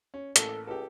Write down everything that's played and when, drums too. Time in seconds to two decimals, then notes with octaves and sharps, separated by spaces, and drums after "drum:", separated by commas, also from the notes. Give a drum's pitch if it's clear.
0.14 C#4
0.36 A1 A#3 A4, drum: hi-hat
0.67 C#2 G4 A4